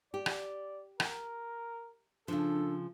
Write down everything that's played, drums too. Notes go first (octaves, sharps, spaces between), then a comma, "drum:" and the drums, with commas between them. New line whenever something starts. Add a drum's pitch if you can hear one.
G4 D5
drum: rim click
A#4, drum: rim click
C#3 F3 D4 A4